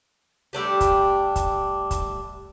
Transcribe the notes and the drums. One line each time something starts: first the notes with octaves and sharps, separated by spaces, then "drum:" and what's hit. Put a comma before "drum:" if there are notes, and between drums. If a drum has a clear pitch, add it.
G3 A3 D4 G4
drum: kick, hi-hat
drum: kick, hi-hat
drum: kick, hi-hat